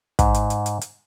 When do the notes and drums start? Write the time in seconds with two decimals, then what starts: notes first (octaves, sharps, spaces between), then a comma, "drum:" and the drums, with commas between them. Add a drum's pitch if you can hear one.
0.19 G#2, drum: kick, hi-hat
0.34 drum: hi-hat
0.50 drum: hi-hat
0.66 drum: hi-hat
0.81 drum: hi-hat